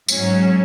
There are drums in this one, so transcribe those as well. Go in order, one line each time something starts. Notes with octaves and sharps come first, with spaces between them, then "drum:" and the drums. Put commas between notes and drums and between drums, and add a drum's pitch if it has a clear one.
G#2 F#3 C#4, drum: tambourine